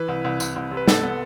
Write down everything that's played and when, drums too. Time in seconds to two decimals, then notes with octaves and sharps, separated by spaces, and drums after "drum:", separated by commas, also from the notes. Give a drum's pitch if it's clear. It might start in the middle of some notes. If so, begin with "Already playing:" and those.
Already playing: E3 B4
0.08 C2
0.24 C2
0.40 C2, drum: tambourine
0.56 C2
0.71 C3
0.77 B4
0.88 B3 A4, drum: snare
1.03 B3